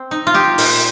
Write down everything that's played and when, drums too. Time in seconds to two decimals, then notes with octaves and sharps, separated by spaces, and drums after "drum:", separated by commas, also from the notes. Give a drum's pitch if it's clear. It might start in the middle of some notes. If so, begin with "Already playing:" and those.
Already playing: C4
0.11 D#4
0.27 F4
0.34 D#4 G4
0.58 A#2, drum: open hi-hat